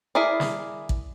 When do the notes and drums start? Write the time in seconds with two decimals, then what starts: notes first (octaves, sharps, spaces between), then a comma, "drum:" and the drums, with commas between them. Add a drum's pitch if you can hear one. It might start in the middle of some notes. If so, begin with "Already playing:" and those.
0.15 E4 G#4 A#4 D5
0.40 drum: snare
0.89 drum: kick